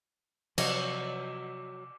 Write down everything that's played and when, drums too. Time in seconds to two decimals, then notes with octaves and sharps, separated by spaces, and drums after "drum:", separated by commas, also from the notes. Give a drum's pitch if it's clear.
0.58 C3 F3 F#3 C#5 D#5 D6, drum: cymbal